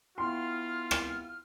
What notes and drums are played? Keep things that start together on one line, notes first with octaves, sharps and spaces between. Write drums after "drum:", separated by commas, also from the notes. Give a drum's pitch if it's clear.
B3 E4 F4 G5 C6 F6
drum: rim click